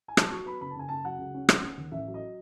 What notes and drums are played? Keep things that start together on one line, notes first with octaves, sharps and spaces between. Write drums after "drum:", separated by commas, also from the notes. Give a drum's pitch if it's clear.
G#5
F#3 A5, drum: rim click
F#3 C#6
B3 B5
F#1 B5
A5
F#1 G#5
F#1 A5
F#3 F#5
C#2
C#4
C#4, drum: rim click
C#4
D#2
A1 E5
F#3
D#5